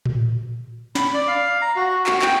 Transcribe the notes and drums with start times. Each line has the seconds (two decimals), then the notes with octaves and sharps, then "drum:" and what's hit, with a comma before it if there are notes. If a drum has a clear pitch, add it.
0.06 drum: tom A2
0.95 B5, drum: snare
1.14 D5
1.28 F5
1.62 A#5
1.76 F#4
2.06 F#4, drum: clap
2.22 G5, drum: clap